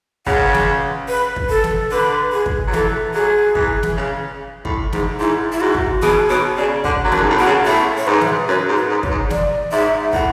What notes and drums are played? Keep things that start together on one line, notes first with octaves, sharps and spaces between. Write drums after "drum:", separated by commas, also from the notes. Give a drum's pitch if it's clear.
C#3 F#5, drum: kick
drum: snare
B4
drum: kick
A4
drum: snare
D3 B4
G#4
drum: kick
F#3
E3 A4, drum: snare
F#3 G#4
E3, drum: kick
drum: snare
C#3
A2, drum: kick
G#2, drum: snare
G#2 E4
E4
G#2 F#4
drum: kick
B2 G#4, drum: snare
B2 C#5
C#3 D5
D3 F#5, drum: kick
F#3
F#2 A5, drum: snare
G#2
A2
B2 F#5
C#3
A2 E5
C#5
G#2 B4
drum: snare
F#2 C#5
G#2
B4
G#2
C#5, drum: kick
G#2
D5, drum: snare
G#2 E5
G#2
A2 F#5, drum: kick